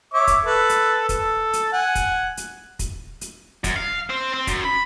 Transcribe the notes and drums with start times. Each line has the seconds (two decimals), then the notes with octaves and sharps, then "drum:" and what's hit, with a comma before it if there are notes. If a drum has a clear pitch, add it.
0.14 C#5 E5 D6
0.27 drum: kick, hi-hat
0.45 A4 B4
0.69 drum: hi-hat
1.09 A4, drum: kick, hi-hat
1.53 drum: hi-hat
1.72 F#5 G#5
1.95 drum: kick, hi-hat
2.37 drum: hi-hat
2.79 drum: kick, hi-hat
3.21 drum: hi-hat
3.64 F#2, drum: kick, hi-hat
3.76 F5
4.10 C4
4.33 C4
4.47 F#2, drum: kick, hi-hat
4.64 B5